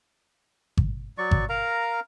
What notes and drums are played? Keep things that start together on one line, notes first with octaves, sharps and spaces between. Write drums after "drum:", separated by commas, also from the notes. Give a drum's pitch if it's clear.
drum: kick G#1
F#3 D5 C#6
drum: kick G#1
A#4 F5 A#5